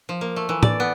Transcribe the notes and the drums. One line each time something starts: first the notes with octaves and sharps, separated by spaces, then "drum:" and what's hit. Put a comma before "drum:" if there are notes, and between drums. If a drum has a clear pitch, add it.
F3
A#3
A3
E3
D5, drum: tom
B3